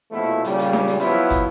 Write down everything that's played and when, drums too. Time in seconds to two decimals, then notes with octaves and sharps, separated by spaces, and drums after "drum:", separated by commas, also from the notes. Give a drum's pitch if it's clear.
0.11 A#1 B2 F3 A3 E4
0.45 A#2 C#3 G3, drum: hi-hat
0.59 drum: hi-hat
0.73 drum: snare D4
0.87 drum: hi-hat
1.00 F3 F#3 B3 E4, drum: hi-hat
1.30 drum: kick, hi-hat